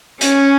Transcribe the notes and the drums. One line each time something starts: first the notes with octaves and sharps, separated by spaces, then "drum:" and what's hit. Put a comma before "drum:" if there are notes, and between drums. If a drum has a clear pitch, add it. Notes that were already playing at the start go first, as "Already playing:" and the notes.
C#4, drum: hi-hat